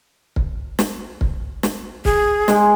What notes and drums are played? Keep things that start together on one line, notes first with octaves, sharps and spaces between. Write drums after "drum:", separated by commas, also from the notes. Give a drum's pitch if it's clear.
drum: kick
drum: snare
drum: kick
drum: snare
G#4, drum: kick
G#3, drum: snare